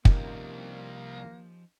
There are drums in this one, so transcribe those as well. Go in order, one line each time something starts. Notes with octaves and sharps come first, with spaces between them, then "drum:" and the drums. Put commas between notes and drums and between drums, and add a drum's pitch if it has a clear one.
C2 F3 A#3 C#4 D#4 G4, drum: kick